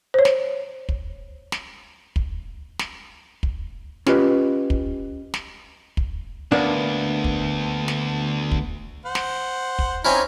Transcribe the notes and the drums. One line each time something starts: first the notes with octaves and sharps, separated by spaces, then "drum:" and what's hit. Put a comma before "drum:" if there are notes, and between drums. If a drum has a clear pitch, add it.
C5 C#5
drum: snare
drum: kick
drum: snare
drum: kick
drum: snare
drum: kick
C#4 F4 G4 B4 D#5, drum: snare
drum: kick
drum: snare
drum: kick
D2 A#3 B3 D4
drum: kick
drum: snare
drum: kick
C5 F#5
drum: snare
drum: kick
C4 C#4 D#4 E4 C#5 A#5